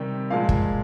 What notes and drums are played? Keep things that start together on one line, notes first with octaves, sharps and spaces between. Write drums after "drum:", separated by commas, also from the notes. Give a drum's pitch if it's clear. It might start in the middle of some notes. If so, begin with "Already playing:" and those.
Already playing: C3 D#3 G3 G5
A#2 F3 G#3 F5
drum: kick